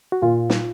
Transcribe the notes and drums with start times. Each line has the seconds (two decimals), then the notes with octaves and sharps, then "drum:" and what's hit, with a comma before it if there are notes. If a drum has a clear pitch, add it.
0.12 F#4
0.22 A#2 F4
0.50 drum: snare